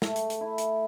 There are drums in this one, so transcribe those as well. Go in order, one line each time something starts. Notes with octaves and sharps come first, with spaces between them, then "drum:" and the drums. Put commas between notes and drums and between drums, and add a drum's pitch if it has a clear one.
A3, drum: snare
drum: hi-hat
drum: hi-hat
E4
drum: hi-hat